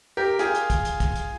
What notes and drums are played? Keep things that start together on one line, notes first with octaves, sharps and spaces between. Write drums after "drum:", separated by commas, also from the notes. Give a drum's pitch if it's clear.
G4 A#4
F4 G#4, drum: hi-hat
drum: hi-hat
drum: kick, hi-hat
drum: hi-hat
drum: kick, hi-hat
drum: hi-hat